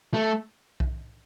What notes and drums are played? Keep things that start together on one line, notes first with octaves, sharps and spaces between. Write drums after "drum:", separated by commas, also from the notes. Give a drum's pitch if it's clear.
A3
drum: kick B1